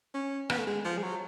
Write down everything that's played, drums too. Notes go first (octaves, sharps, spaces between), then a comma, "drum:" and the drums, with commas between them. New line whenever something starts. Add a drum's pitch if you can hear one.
C#4
B3, drum: rim click
A3
G#3
F3
G#3
F#3